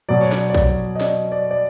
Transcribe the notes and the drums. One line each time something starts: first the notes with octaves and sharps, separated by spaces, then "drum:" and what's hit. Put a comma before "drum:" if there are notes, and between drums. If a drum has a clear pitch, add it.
B2 F#3 D5
C#5
D5, drum: snare
D5
C#5, drum: kick A#1
D#5
D5, drum: snare
D5
D5